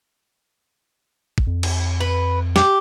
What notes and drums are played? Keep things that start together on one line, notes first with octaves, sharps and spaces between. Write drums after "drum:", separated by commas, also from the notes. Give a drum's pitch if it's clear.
drum: kick A1
F2
drum: cymbal
B4
G4, drum: snare